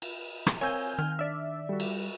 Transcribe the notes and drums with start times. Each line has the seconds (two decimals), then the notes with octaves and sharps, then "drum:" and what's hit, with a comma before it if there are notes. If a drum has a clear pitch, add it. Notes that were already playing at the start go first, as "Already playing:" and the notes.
0.02 drum: cymbal
0.47 drum: rim click
0.61 C4 A#4 C#5 F5 G#5 E6 G6
0.99 D#3 F6
1.19 D4 D5 E5
1.69 G3 F#4 A4
1.80 drum: cymbal